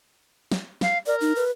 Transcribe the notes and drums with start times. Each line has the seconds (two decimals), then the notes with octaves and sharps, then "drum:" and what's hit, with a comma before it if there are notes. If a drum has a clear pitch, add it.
0.52 drum: snare
0.81 F5, drum: snare
1.06 A#4 D5
1.21 D#4
1.36 B4